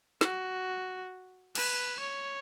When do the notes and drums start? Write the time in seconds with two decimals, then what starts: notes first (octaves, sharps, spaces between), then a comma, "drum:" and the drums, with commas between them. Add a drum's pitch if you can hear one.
0.21 F#4, drum: snare
1.55 B4, drum: cymbal
2.00 C#5